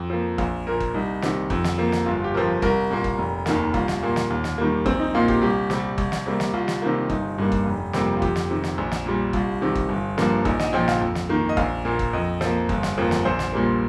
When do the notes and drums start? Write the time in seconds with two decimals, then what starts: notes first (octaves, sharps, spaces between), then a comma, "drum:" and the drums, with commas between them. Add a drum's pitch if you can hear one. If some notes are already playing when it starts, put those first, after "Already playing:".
Already playing: F2
0.10 F3 A#3
0.38 A#1 F5, drum: kick G1
0.67 A#2 A#3 A#4
0.80 drum: kick G1
0.94 C2 D#4
1.22 C3 D#3, drum: snare
1.50 F2, drum: kick G1
1.64 drum: snare
1.78 F3 A#3
1.92 drum: snare
2.06 G1 F4
2.24 G4
2.34 F2 F3 A#4
2.62 C2 A#4, drum: kick G1
2.91 A#2 A#3
3.04 drum: kick G1
3.18 F1
3.46 D#2 D#3 A#3, drum: snare
3.74 C2 F4, drum: kick G1
3.88 drum: snare
4.02 A#2 A#3
4.16 drum: snare
4.30 D#2
4.44 drum: snare
4.58 D#3 G3 A#3
4.86 A#1 C4, drum: kick G1
5.00 D#4
5.14 A#2 A#3 F4
5.28 G4, drum: kick G1
5.42 C2 G4
5.70 C3 G3, drum: snare
5.98 C2, drum: kick G1
6.12 drum: snare
6.26 C3 G3 A#3
6.40 drum: snare
6.53 C2 F4
6.68 drum: snare
6.82 C3 D#3 A#3
7.10 G1 D#4, drum: kick G1
7.38 G2 G3 A#3
7.52 drum: kick G1
7.65 F1
7.93 F2 C3 G3 A#3, drum: snare
8.17 F4
8.22 F2 G4, drum: kick G1
8.36 drum: snare
8.50 C3 D#3
8.64 drum: snare
8.78 A#1
8.92 drum: snare
9.06 A#2 G3
9.33 C2 F4, drum: kick G1
9.61 C3 D#3
9.75 drum: kick G1
9.89 G1
10.18 G2 F3 A#3, drum: snare
10.45 A#1 D#4, drum: kick G1
10.59 D#5, drum: snare
10.73 A#2 F3 G5
10.88 F5, drum: snare
11.01 F2
11.15 drum: snare
11.29 D#3 A#3
11.49 D#5
11.57 A#1 F5, drum: kick G1
11.85 A#2 A#3
11.99 drum: kick G1
12.13 F2 D#5
12.41 F3 A#3, drum: snare
12.69 G1, drum: kick G1
12.83 drum: snare
12.98 F2 F3 A#3
13.11 drum: snare
13.25 A#1 C5
13.39 drum: snare
13.52 A#2 G3 A#3